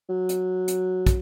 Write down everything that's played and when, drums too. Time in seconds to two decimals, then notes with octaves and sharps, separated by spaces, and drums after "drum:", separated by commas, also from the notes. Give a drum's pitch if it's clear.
0.09 F#3
0.29 drum: hi-hat
0.68 drum: hi-hat
1.06 drum: kick, hi-hat